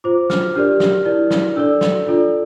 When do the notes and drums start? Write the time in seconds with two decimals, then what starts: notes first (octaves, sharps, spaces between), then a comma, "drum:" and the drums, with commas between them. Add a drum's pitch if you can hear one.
0.04 F4 C5 D6
0.30 F6, drum: snare
0.55 D4 G4 A#4 D5 F6
0.80 drum: snare
1.05 E4 A#4 D5
1.31 drum: snare
1.56 D4 A4 D5 E6
1.81 drum: snare
2.07 D4 F4 A4 D5